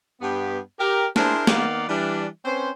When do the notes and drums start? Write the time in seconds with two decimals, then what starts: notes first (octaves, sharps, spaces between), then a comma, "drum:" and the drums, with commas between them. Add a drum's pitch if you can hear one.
0.20 G2 B3 G4
0.78 G4 A#4
1.16 D4 E4 G#4 A#4 C5, drum: snare
1.47 D#3 A#3 B3 D5 F5 F#5, drum: snare
1.88 E3 G3 D4
2.44 C4 C#4 B4 C5